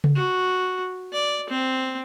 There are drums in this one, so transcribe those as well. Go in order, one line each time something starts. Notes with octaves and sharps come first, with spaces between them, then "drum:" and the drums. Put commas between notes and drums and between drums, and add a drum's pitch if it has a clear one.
drum: tom C#3
F#4
D5
C4